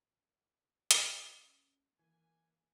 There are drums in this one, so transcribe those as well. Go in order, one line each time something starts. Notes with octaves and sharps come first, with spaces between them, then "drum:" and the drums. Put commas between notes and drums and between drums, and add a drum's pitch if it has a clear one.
drum: hi-hat
F4
C#4
E3 A#3 G#5